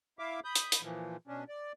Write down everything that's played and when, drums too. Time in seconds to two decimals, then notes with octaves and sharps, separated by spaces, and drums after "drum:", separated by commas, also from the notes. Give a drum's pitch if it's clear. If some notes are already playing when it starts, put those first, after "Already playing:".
0.19 E4 E5 F5 D6
0.45 B5 D#6 G6
0.55 drum: hi-hat
0.72 drum: hi-hat
0.82 A#2 E3 F3
1.28 B2 C#4 D4
1.49 D5